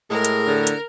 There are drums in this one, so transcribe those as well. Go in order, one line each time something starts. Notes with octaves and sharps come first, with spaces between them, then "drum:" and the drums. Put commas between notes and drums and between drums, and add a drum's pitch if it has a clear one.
A2 G#3 G#4 A#4
drum: hi-hat
D3
drum: hi-hat